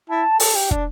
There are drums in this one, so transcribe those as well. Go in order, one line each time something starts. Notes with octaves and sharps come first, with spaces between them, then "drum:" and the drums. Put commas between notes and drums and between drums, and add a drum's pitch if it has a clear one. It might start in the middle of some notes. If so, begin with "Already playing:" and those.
E4 A5
A4, drum: open hi-hat
G4
D4, drum: kick